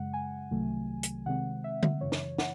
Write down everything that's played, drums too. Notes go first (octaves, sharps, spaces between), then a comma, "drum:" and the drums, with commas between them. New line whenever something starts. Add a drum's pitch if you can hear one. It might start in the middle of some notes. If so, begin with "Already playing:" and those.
Already playing: F#2 C#3 G#3 F#5
G#5
C2 C3 D#3 F#3 A3
drum: hi-hat
C3 D#3 G#3 C4 F#5
E5
drum: tom D3
F#2 C#3 E3 C#5
drum: snare
F#5, drum: snare